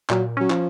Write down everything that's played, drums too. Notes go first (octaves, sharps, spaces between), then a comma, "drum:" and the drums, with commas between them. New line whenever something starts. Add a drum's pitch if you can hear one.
A#2 F#3, drum: clap
F#3 C#4
F3, drum: clap